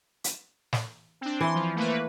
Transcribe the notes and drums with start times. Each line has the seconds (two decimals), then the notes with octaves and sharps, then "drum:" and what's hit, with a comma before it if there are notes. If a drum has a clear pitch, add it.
0.24 drum: hi-hat
0.73 drum: snare
1.21 C4 D4
1.41 E3 C6
1.55 F3
1.76 A3 A#3 B4